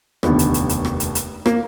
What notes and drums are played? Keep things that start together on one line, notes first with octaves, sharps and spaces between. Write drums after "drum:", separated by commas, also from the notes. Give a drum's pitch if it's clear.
F1 D#2 D3 B3, drum: rim click
drum: hi-hat
drum: hi-hat
drum: hi-hat
drum: rim click
drum: hi-hat
drum: hi-hat
A#3, drum: rim click